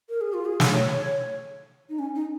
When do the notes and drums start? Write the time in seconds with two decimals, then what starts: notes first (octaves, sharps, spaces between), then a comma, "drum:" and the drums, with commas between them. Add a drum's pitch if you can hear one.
0.09 A#4
0.21 G#4
0.34 F4
0.45 G#4
0.60 drum: snare
0.73 C#5
1.89 D#4
1.99 C#4
2.15 D#4